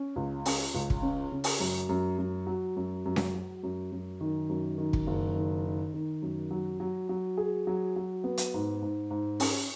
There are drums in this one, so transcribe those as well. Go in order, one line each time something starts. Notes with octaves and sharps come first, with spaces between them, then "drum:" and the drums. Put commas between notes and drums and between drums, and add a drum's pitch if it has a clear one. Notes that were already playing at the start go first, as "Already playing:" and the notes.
Already playing: C#4
C#2
C#4, drum: open hi-hat
C#2
drum: kick
C#4
C#3
drum: open hi-hat
F#2
F#2
F#2
F#3
F#2
F#2
drum: snare C#4
F#3
F#2
F#2
D#3
F#2
D#3
drum: kick
F#1
D#3
D#3
D#3
F#2
F#3
F#3
F#3
G#4
F#3
F#3
B3
drum: hi-hat
G#2
G#2
G#2
C#4, drum: open hi-hat